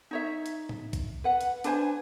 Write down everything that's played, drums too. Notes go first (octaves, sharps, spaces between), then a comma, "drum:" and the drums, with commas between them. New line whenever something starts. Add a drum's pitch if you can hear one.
D#4 C#5 E5
drum: hi-hat
drum: tom A2
drum: kick, hi-hat
B4 F#5
drum: hi-hat
D4 B4 C5 G#5, drum: hi-hat